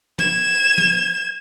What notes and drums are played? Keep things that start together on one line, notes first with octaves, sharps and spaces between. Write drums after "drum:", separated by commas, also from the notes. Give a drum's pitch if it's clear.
G#6 E7, drum: tom
drum: tom